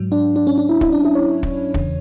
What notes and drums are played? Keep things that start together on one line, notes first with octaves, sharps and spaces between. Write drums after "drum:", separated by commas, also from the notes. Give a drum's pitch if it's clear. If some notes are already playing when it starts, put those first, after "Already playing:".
Already playing: G#2 F#3
D4
D4
C#4
D4
E4
E4, drum: kick
D4
E4
C#5
drum: kick
E2 C#3 E3, drum: kick